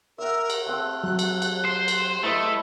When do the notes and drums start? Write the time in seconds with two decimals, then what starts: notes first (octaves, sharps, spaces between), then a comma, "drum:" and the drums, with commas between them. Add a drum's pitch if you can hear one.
0.18 A#4 E5 F#5
0.50 drum: cymbal
0.66 A3 C4 F5 F#6
1.04 F#3
1.19 drum: cymbal
1.42 drum: cymbal
1.65 C5
1.88 drum: cymbal
2.23 A3 E4 B4 D#5